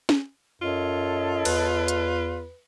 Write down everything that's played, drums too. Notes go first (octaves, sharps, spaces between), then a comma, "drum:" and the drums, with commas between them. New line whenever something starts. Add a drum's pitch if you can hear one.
drum: snare C#4
F#2 F4 A4 C#5 D#5
E2 B4, drum: cymbal
drum: hi-hat